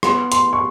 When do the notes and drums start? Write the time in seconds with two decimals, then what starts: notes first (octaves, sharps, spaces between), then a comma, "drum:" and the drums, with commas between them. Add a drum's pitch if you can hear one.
0.03 B3 C6, drum: rim click
0.32 C6, drum: hi-hat
0.53 C#6